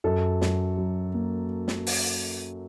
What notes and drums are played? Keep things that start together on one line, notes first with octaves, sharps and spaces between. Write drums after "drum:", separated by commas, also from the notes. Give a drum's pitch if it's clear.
F#2 A4
F#2, drum: snare
F#3
A#3
drum: snare
drum: open hi-hat